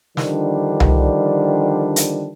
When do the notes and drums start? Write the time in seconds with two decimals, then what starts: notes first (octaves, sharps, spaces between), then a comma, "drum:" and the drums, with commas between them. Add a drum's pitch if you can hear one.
0.17 D3 D#3 F3 G3 D4, drum: snare
0.80 drum: tom C2
1.96 drum: hi-hat